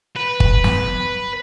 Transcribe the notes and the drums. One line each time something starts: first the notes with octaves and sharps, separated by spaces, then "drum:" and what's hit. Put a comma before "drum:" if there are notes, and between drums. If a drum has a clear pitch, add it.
B4
drum: kick
drum: snare